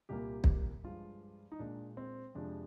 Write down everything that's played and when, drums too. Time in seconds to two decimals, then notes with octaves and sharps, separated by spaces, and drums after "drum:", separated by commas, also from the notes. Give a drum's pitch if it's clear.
0.09 C2 A#2 G3 A#3 G4
0.44 drum: kick
0.84 G2 F3 G#3 F4
1.52 D#4
1.59 A#2 G#3 D4
1.97 C4
2.35 F2 C3 F3 G#3 D4